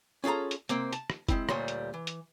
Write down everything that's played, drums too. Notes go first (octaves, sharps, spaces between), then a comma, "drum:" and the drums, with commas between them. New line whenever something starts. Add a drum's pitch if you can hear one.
C#4 F4 G#4 A4 A#5
drum: hi-hat
C3 A#3 C4, drum: hi-hat
A5, drum: hi-hat
drum: rim click
G#3 C4 E4, drum: kick F1, hi-hat
D2 A#2 G3 C#5 C6, drum: rim click
drum: hi-hat
E3
drum: hi-hat